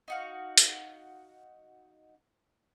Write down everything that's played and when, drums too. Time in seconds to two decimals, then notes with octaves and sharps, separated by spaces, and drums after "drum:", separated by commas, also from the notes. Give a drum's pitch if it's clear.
0.08 D#4 F#4 F5
0.58 drum: hi-hat